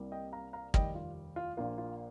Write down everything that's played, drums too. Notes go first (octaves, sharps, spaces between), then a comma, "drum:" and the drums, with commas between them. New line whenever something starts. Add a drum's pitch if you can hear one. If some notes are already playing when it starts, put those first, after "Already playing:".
Already playing: C2 C3 G3 A#3
D#5 G5
F5 A#5
F5 A#5
F1 D#2 D#3 G3 D#5 G5, drum: kick
F4
F4
A#1 A#2 A#3 F4
F4